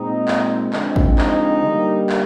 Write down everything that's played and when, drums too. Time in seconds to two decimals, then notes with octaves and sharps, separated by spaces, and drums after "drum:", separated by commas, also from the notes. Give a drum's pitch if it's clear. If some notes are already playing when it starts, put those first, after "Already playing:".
Already playing: A#2 G#3 C4 D#4
0.28 drum: clap
0.73 D3 F3 G#3 C4, drum: clap
0.96 drum: kick
1.18 D#4, drum: clap
1.65 D3 G3 A#3
2.09 drum: clap